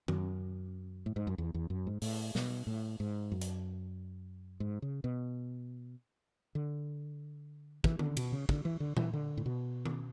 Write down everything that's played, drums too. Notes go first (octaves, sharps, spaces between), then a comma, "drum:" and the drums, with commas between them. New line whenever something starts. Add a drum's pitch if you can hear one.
F#2, drum: tom D#3
A2
G#2
F#2
E2
E2
F#2
G#2
A2, drum: open hi-hat
B2, drum: snare
A2
G#2
F#2
drum: hi-hat
G#2
C#3
B2
D3
E3, drum: kick
D3, drum: tom D#3
B2, drum: cymbal
C#3
D3, drum: kick
E3
D3
E3, drum: tom A#2
D3
A2
B2
drum: tom D#3